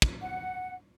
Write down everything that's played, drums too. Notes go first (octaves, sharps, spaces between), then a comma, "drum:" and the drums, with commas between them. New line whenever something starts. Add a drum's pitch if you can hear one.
drum: kick
F#5